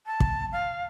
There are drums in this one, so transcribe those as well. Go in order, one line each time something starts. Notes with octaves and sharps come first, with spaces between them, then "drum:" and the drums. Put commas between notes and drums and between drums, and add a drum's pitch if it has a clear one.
A5
drum: kick
F5